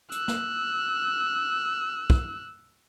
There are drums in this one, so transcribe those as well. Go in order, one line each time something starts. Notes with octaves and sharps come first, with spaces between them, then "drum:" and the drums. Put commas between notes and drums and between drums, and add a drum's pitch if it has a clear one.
E6 F#6, drum: hi-hat
drum: snare
drum: kick